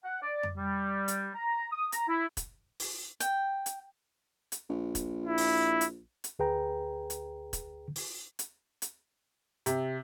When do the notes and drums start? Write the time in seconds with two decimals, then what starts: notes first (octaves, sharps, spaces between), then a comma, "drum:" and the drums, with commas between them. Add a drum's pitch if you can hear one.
0.05 F#5
0.22 D5
0.43 drum: tom F2
0.57 G3
1.08 drum: hi-hat
1.35 A#5
1.72 D#6
1.92 A#5, drum: hi-hat
2.08 E4
2.37 drum: kick, hi-hat
2.80 drum: open hi-hat
3.20 G5, drum: hi-hat
3.66 drum: hi-hat
4.52 drum: hi-hat
4.69 A#1
4.95 drum: kick, hi-hat
5.26 E4
5.38 drum: open hi-hat
5.81 drum: hi-hat
6.24 drum: hi-hat
6.39 D2 G#4 B4 G5 A#5
7.10 drum: hi-hat
7.53 drum: kick, hi-hat
7.96 drum: open hi-hat
8.39 drum: hi-hat
8.82 drum: hi-hat
9.66 C3, drum: hi-hat